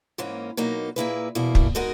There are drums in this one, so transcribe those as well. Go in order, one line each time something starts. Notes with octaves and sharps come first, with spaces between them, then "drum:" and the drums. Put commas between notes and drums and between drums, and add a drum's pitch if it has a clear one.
G#2 E3 A#3 C#4
B2 F#3 A#3 D#4
A#2 A#3 E4 G#4 B4
E2 B2 A#3 E4
drum: kick
B2 G#3 D#4 F#4 A#4